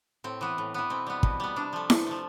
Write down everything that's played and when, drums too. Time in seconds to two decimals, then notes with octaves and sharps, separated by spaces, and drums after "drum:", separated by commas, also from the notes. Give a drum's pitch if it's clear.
0.24 A2 C4
0.41 E3 B3
0.58 A2
0.74 E3 B3
0.90 B2 C4
1.07 G3 B3
1.23 B2, drum: kick
1.40 G3 B3
1.56 C3 D4
1.73 F3 A3
1.90 C3, drum: snare E4
2.06 F3 A3